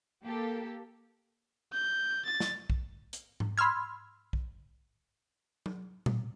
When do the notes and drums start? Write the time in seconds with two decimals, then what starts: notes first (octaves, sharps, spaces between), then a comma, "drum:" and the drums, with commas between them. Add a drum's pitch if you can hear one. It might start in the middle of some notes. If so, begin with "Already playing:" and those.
0.23 A#3 G4 A4
1.73 G6
2.25 A6
2.40 drum: snare
2.70 drum: kick
3.13 drum: hi-hat
3.40 drum: tom G#2
3.58 B5 C6 E6 F6 G#6
4.33 drum: kick
5.66 drum: tom F#3
6.06 drum: tom A#2